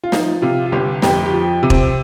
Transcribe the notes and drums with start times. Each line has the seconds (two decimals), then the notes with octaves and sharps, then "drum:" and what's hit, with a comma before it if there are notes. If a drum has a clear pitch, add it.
0.04 F4
0.12 F3 D#4, drum: snare
0.42 C3 F4
0.66 F4
0.72 G1 G4
1.02 F2 G4, drum: snare
1.26 G4
1.33 F3
1.63 C3
1.70 C4, drum: kick E1